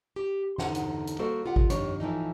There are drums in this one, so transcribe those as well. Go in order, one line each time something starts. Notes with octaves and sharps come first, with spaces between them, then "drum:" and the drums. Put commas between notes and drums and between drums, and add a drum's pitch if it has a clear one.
G4
E2 D3 D#4 C5 F#5 A5, drum: snare
drum: hi-hat
drum: hi-hat
G3 A#3 F#4 A4 C5
F4 G4 F#5
drum: kick G#1
F2 D#3 G3 D4 C#5, drum: hi-hat
A2 E3 F3 D#4